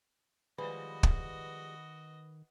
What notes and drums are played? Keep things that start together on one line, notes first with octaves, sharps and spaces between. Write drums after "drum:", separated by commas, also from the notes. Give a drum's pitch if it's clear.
D#3 F3 G3 G#3 F#4 B4 D#5 B5
drum: kick